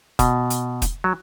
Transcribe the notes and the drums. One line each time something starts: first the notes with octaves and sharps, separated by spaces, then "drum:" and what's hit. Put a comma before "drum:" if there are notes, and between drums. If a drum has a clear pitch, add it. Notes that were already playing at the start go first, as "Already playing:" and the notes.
B2, drum: kick, hi-hat
drum: hi-hat
drum: kick, hi-hat
F#3